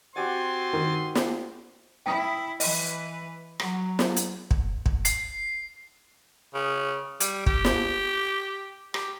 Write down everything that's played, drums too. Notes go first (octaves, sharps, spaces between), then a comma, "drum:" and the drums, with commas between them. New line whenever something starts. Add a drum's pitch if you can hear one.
C4 F#4 G4 F#5 G#5 C6 A6
D#3
drum: snare
E4 G5 D#6
E3 B4 D#5, drum: open hi-hat
F#3, drum: rim click
drum: snare
drum: hi-hat
drum: kick
drum: kick
C7, drum: hi-hat
C#3
G3, drum: hi-hat
G4, drum: kick
drum: snare
G4, drum: rim click